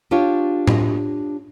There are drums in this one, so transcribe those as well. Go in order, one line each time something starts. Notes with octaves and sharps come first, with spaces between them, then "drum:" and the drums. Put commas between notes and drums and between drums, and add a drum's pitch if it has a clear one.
D4 F4 G4 C#5
drum: tom A2